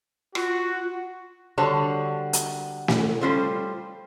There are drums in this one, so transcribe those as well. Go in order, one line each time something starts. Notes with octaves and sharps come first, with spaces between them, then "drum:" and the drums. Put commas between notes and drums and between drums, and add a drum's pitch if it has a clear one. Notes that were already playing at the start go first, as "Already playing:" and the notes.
F4 F#4, drum: rim click
D3 G3 F#4 C5 C#5 A5
drum: hi-hat
drum: snare
G3 C#4 F4 A4 C5